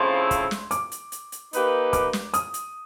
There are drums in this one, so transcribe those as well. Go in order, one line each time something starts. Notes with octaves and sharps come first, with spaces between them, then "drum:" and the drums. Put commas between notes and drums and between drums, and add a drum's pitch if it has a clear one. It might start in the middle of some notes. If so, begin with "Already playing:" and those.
Already playing: C#3 F3 A3 C4 E4 C6
drum: kick, hi-hat
drum: snare
D6, drum: hi-hat
drum: hi-hat
drum: hi-hat
drum: hi-hat
A#3 D#4 G4 B4, drum: hi-hat
D6, drum: kick, hi-hat
drum: snare
D#6, drum: hi-hat
drum: hi-hat